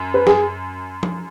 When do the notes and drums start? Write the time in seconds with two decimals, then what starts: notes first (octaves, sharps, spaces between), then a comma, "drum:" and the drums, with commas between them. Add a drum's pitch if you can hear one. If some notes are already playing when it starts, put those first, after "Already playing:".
Already playing: F#2
0.14 B4
0.27 G#4, drum: snare
1.03 drum: tom F3